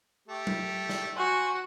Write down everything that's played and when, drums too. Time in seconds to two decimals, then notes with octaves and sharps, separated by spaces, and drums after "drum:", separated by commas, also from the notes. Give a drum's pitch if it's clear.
0.28 A3 G4
0.47 drum: tom F#3
0.89 drum: snare
1.16 F#4 C5 G#5